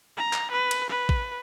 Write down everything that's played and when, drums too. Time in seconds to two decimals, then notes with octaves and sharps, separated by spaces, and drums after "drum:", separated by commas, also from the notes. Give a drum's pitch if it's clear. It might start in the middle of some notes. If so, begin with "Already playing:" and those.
0.17 A#5
0.33 drum: clap
0.52 B4
0.71 drum: cymbal
0.90 B4
1.09 drum: kick A1